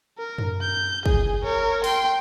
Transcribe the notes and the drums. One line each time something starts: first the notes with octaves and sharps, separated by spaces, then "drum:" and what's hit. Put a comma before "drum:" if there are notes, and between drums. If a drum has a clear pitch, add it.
A#4
drum: tom F#2
G6
G#4, drum: kick
A#4 C#5
G5 C6, drum: open hi-hat